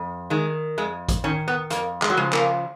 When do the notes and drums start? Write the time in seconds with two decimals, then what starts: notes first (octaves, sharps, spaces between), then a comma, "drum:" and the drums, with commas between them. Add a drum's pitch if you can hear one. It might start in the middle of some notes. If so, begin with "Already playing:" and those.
Already playing: F2
0.30 D#3 G#3
0.78 F2 G#3
1.09 drum: kick A1, hi-hat
1.24 D#3 C#4
1.48 B3
1.70 F2 A#3, drum: hi-hat
2.02 G#3, drum: clap
2.10 F#3
2.17 C#3 F3 G#3
2.33 A#3, drum: clap